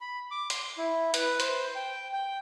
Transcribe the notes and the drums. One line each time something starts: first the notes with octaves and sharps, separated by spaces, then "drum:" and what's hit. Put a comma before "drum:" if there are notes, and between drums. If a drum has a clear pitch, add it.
B5
D6
C6, drum: hi-hat
E4
B4, drum: hi-hat
C5, drum: hi-hat
G5
G5